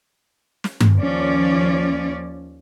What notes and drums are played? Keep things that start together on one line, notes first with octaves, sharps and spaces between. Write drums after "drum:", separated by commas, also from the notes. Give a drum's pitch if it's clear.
drum: snare
drum: tom G2
D#2 F3 C#4 D5